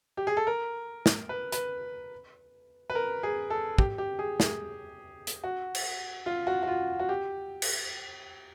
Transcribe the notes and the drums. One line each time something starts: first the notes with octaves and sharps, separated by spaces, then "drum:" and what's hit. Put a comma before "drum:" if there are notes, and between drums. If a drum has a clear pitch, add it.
G4
G#4
A4
A#4
drum: snare
B4
B4, drum: hi-hat
B4
A#4
G#4
A4
G4, drum: kick
G4
G#4
G#4, drum: snare
drum: hi-hat
F#4
drum: cymbal
F4
F#4
F#4
F4
F#4
G4
drum: cymbal